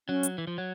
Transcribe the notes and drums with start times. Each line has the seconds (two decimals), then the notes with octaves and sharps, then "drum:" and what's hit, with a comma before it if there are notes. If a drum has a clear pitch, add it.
0.09 F#3 C#4
0.23 drum: hi-hat
0.38 E3
0.47 F3
0.58 F#3